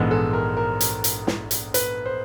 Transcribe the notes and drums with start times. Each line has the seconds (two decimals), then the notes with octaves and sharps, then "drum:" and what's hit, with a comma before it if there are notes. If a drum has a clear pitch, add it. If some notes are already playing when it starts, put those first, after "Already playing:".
Already playing: A#1 G#2 E3 G#3 B3 A4
0.11 A4
0.33 A#4
0.57 A#4
0.80 drum: hi-hat
1.04 drum: hi-hat
1.27 drum: snare
1.51 drum: hi-hat
1.74 B4, drum: hi-hat
2.06 C5